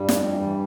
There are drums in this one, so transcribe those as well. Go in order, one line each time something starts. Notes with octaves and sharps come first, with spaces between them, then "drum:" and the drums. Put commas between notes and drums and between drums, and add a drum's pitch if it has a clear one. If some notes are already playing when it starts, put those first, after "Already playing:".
Already playing: G2 G3
F2, drum: snare
E3
E3